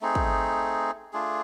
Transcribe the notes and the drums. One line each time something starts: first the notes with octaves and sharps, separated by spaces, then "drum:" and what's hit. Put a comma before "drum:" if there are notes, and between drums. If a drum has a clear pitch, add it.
A3 C4 D#4 G#4
drum: kick
A3 D4 F4 G#4